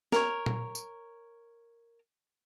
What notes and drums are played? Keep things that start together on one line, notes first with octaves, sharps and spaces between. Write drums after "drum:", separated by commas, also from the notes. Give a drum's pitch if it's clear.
A#4 C#5, drum: snare
drum: tom A#2
drum: tambourine